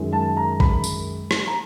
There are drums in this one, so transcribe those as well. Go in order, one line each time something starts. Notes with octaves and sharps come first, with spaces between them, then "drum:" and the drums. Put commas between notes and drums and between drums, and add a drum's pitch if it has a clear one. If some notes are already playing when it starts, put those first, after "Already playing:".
Already playing: F#2 D#3 G#3
A5
A#5
B5, drum: kick
drum: tambourine
drum: rim click
A#5